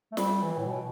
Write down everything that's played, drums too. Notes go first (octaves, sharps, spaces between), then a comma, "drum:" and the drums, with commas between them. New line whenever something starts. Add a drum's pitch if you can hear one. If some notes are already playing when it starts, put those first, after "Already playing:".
A3
G3, drum: snare
E3
A2
B2